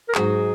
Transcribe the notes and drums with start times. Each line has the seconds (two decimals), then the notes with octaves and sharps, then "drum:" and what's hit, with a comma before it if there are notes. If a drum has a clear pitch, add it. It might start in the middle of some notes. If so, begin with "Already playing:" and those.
0.09 A#4
0.15 G#2 F#3 D#4 F#4 G#4, drum: clap